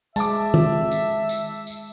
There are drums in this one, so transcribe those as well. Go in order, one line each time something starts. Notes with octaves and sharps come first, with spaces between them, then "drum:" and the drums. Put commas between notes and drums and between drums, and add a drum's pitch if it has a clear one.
G#3 E5 A5 D6, drum: tambourine
drum: tom D#3
drum: tambourine
drum: tambourine
drum: tambourine